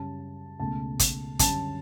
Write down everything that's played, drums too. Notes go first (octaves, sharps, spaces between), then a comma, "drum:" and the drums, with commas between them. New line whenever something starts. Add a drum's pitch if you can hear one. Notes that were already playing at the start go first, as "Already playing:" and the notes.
Already playing: F#2 C#3 G3 C#4 A5
C#2 B2 A3 A5
drum: kick, hi-hat
F#2 D3 G3 C#4 A5, drum: kick, hi-hat